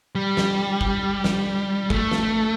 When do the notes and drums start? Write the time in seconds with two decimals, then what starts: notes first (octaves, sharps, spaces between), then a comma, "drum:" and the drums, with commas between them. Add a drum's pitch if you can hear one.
0.15 G3
0.37 drum: snare
0.81 drum: kick
1.24 drum: snare
1.90 A3, drum: kick
2.12 drum: snare